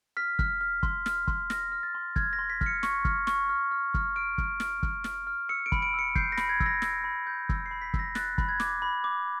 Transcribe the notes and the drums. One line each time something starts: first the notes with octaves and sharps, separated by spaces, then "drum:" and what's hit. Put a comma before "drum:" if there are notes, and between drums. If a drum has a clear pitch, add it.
F6 B6
F6, drum: kick
F6
C6, drum: kick
F6, drum: snare
C6, drum: kick
F6 A#6, drum: snare
F6
A6
C6
F6 G#6, drum: kick
A#6
C6
B6
F6, drum: kick
C#7
C#6, drum: snare
F6, drum: kick
C#6, drum: snare
F6
F6
F6, drum: kick
F6 D7
F6, drum: kick
F6, drum: snare
F6, drum: kick
F6, drum: snare
F6
E6 C#7
D7
B5, drum: kick
D7
E6 C#7
G6 C7, drum: kick
A#6
B5, drum: snare
G#6
E6, drum: kick
A#6
E6, drum: snare
B5
G6
E6, drum: kick
C7
B5
B6
E6, drum: kick
A#6
F#6 A6, drum: snare
B5, drum: kick
G#6
D6, drum: snare
B5
D6